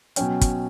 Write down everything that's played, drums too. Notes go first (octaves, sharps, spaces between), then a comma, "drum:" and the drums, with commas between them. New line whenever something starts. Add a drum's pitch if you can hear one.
B2 F#3 C#4 G5, drum: hi-hat
drum: kick, hi-hat